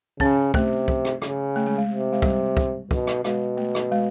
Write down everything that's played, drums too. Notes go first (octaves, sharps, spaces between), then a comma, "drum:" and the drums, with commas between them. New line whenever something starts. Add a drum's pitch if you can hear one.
C#3 C#4, drum: kick
C3 A3, drum: kick
drum: kick
drum: rim click
C#3, drum: rim click
A3
G#3
G#3
C3
G#3
G3, drum: kick
drum: kick
B2, drum: kick
drum: rim click
B2 G#3, drum: rim click
A3
drum: rim click
G#3